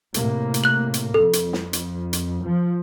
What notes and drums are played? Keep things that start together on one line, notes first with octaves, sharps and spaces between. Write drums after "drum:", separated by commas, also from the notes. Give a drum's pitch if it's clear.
A2 C3 A#3, drum: hi-hat
drum: hi-hat
F#6 F#7
drum: hi-hat
F2 A4
drum: hi-hat
drum: snare
drum: hi-hat
drum: hi-hat
F3